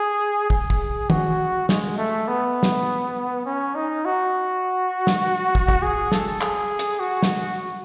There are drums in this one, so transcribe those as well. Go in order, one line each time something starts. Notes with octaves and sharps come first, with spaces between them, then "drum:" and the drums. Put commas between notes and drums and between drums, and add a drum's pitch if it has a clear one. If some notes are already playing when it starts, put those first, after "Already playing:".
Already playing: G#4
G#4, drum: kick
drum: kick
F#4, drum: tom D#3
G#3, drum: snare
A3
B3
drum: snare
C#4
D#4
F#4
drum: snare
drum: kick
drum: kick
G#4
A4, drum: snare
G#4, drum: clap
drum: hi-hat
F#4
drum: snare